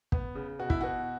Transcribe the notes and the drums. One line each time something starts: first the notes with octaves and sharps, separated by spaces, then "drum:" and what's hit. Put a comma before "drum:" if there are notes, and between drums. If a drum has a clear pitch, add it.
B3, drum: kick
C#3
B2 F#4
E4, drum: kick
B2 F#4